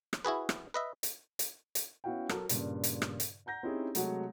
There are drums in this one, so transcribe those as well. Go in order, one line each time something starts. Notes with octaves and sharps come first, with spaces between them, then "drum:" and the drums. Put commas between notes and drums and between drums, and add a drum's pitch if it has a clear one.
drum: rim click
E4 F#4 G#4 B4
drum: rim click
B4 D#5 E5
drum: hi-hat
drum: hi-hat
drum: hi-hat
B3 C#4 E4 F#4 F5 G5
F#3 F#4 A4 A#4, drum: rim click
G2 A#2 C#3, drum: hi-hat
drum: hi-hat
drum: rim click
drum: hi-hat
F#5 A#5 G6 A#6
C4 C#4 D#4 E4 G4 G#4
C3 F#3 G#3 A3 F#4, drum: hi-hat